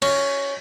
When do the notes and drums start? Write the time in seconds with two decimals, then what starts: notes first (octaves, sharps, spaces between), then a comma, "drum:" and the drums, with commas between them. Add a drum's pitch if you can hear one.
0.02 C#4, drum: cymbal